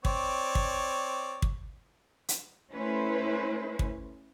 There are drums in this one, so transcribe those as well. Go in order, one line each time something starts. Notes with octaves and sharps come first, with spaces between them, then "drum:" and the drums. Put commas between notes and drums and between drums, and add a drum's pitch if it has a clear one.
C4 C#5 D5, drum: kick
drum: kick
drum: kick
drum: hi-hat
A3 C#4 E4 B4 C5
drum: kick